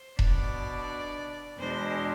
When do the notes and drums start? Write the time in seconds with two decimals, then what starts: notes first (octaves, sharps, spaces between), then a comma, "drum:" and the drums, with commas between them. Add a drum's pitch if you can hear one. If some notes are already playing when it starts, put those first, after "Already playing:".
Already playing: C5
0.19 B2 B3 D4 D5, drum: kick E1
1.59 E2 B2 G#3 D4 C5